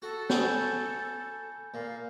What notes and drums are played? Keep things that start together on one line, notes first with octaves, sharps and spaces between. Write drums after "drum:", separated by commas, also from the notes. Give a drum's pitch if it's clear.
F#4 A4
G#5 B5 G6, drum: snare
A#2 F5